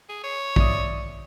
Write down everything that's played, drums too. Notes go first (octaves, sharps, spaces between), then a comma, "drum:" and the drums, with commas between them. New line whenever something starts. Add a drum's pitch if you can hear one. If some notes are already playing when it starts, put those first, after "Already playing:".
G#4
C#5
D5 E5 D#6, drum: kick